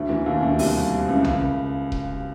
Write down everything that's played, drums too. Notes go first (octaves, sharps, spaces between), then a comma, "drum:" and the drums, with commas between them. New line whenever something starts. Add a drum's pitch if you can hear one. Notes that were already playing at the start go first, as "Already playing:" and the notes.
Already playing: D2 D3
E2 E3
D#2 D#3
D2 D3
C2 C3, drum: open hi-hat
C#2 C#3
C#2 C#3, drum: tom B1
drum: kick D#1